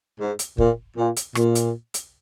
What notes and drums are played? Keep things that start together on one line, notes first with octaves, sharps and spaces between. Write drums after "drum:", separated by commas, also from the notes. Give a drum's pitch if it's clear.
G#2
drum: hi-hat
A#2, drum: kick
A#2
drum: hi-hat
A#2, drum: rim click
drum: hi-hat
drum: hi-hat